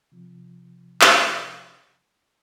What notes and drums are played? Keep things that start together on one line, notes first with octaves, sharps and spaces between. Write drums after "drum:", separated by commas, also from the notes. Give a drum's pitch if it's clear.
C3 F3
drum: clap